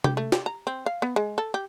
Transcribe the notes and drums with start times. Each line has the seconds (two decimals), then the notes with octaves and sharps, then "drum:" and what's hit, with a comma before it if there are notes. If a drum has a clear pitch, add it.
0.04 G4, drum: tom C3
0.17 A3
0.32 G4, drum: snare
0.46 A#5
0.67 C4
0.86 F5
1.02 B3
1.16 G#3
1.38 A4
1.54 G4